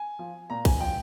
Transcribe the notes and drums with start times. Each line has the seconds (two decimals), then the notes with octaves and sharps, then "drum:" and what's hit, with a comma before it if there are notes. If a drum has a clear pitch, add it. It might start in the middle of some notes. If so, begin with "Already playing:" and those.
Already playing: G#5
0.19 F3
0.50 A#2 A#5
0.65 G#5, drum: kick, cymbal
0.80 F3 G5